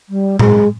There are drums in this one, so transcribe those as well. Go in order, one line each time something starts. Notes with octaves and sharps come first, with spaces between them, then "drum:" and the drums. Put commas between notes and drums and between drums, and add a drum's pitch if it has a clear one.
G3
G#3, drum: tom A2